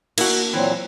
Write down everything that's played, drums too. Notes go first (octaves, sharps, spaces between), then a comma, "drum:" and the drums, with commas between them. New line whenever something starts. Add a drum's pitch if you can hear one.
A#3 D4 E4 F#4, drum: cymbal
A#2 E3 F#3 C4